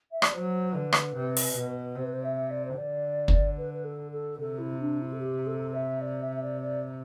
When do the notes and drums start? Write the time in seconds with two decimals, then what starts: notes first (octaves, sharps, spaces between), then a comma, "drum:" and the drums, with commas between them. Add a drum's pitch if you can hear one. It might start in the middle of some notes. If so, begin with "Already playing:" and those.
0.11 E5
0.22 D5, drum: rim click
0.33 F#3 C5
0.70 C5
0.73 D3 B4
0.93 drum: rim click
1.14 C3
1.37 drum: open hi-hat
1.56 B2
1.95 C3 C5
2.04 B4
2.13 C5
2.23 E5
2.50 D5
2.65 C5
2.77 D3 D5
3.28 drum: kick
3.57 B4
3.73 B4
3.84 A4
4.12 A4
4.39 C3 A4
4.58 E4
4.80 D4
5.00 E4
5.12 A4
5.19 G4
5.47 A4
5.74 E5
6.00 D5
6.21 E5
6.35 E5
6.42 D5
6.61 D5